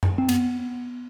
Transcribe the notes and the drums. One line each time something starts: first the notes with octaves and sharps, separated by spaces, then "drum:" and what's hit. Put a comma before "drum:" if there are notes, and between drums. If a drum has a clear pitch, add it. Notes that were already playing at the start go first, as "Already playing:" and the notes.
drum: tom F#2
C4
B3, drum: cymbal